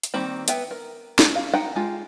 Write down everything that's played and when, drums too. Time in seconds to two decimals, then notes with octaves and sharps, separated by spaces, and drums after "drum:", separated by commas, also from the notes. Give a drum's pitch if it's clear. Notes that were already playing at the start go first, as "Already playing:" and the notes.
0.04 drum: hi-hat
0.14 D#3 G3 A#3 C4 B5
0.48 B3 E5 G5, drum: hi-hat
0.71 A#4
1.19 drum: snare
1.35 F5
1.54 D#4 F#5 G5 B5
1.76 G#3 F4 G4